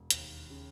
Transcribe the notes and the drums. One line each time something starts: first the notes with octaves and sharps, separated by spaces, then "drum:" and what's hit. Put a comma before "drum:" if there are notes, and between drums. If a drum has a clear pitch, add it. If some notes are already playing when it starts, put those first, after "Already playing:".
Already playing: E1
D#2, drum: hi-hat
C#3